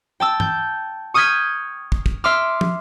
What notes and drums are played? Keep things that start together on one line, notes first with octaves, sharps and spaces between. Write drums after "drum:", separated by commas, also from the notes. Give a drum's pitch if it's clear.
G5 A5 E6
G6, drum: tom G2
C#6 D#6 F6 G6 G#6 B6
drum: kick
drum: kick
E5 C6 D6 F6
drum: tom